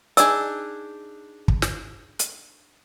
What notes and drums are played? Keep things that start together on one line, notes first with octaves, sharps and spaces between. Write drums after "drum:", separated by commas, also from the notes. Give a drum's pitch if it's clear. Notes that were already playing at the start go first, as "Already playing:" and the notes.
D4 D#4 G#4 E6, drum: hi-hat
drum: kick
drum: snare
drum: hi-hat